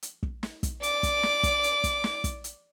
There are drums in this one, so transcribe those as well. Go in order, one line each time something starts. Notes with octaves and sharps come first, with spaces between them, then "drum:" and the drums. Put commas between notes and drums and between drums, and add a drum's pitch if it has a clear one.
drum: hi-hat
drum: kick
drum: snare
drum: kick, hi-hat
D5 D6, drum: hi-hat
drum: kick, hi-hat
drum: snare
drum: kick, hi-hat
drum: hi-hat
drum: kick, hi-hat
drum: snare
drum: kick, hi-hat
drum: hi-hat